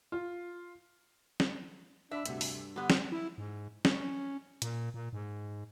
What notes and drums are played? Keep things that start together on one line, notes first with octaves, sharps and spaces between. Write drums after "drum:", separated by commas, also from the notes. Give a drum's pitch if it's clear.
F4
drum: snare
D4 E5 B5 E6 B6
D2 G2 C3 F#4, drum: hi-hat
drum: open hi-hat
D3 G3 B3
C6 G6, drum: snare
E4
G#2
C#4, drum: snare
A#2, drum: hi-hat
A#2
G#2